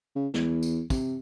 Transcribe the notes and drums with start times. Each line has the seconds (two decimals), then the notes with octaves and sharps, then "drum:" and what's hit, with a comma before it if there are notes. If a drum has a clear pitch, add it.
0.16 C#3
0.34 E2, drum: snare
0.63 drum: tambourine
0.90 C3, drum: kick, tambourine